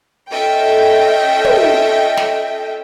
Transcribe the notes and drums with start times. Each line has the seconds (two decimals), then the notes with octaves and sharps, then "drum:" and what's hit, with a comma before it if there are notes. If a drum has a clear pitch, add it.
0.30 C#4 F4 A4 D#5 E5 G5
1.45 drum: tom
2.17 drum: snare